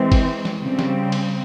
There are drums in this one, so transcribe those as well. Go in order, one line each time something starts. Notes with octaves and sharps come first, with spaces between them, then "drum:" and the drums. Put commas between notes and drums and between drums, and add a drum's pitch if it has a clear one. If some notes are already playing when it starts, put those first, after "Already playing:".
Already playing: E3 G#3 C4
drum: kick G1, cymbal
drum: snare
C#3 G3 C4
drum: snare
drum: cymbal